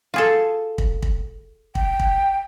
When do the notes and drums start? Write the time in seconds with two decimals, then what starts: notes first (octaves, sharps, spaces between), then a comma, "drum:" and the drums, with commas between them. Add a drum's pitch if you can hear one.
0.14 F4 G#4 A4
0.78 drum: kick
1.03 drum: kick
1.75 G5, drum: kick
1.99 drum: kick